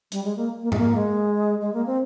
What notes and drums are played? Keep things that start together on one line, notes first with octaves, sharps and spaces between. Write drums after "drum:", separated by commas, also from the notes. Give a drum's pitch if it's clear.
G3, drum: hi-hat
G#3
A#3
A#3
G#3, drum: tom G#2
A#3
G#3
G#3
A#3
C4